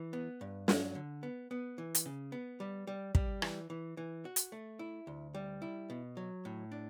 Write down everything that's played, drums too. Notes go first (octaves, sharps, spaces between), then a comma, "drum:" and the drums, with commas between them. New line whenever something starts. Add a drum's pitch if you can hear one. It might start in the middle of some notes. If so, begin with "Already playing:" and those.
Already playing: E3
B3
G2
F#3, drum: snare
D3
B3
B3
E3
drum: hi-hat
C#3
B3
G3
G3
G3, drum: kick
E3, drum: rim click
E3
E3
F#4
drum: hi-hat
A3
E4
D2
G3
E4
B2
F#3
A2
D4